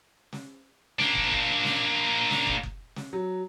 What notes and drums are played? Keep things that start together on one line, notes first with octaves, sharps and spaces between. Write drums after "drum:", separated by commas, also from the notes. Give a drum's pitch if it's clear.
drum: snare
A#3 D4, drum: snare
drum: kick
drum: kick
drum: snare
drum: snare
drum: kick
drum: kick
drum: snare
F#3